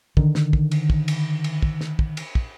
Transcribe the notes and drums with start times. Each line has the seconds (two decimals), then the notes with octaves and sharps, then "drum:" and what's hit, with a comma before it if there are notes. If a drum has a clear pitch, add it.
0.17 D3 D#3, drum: kick
0.35 drum: snare
0.53 drum: kick
0.71 drum: cymbal
0.90 drum: kick
1.08 drum: cymbal
1.44 drum: cymbal
1.62 drum: kick
1.81 drum: snare
1.99 drum: kick
2.17 drum: cymbal
2.35 drum: kick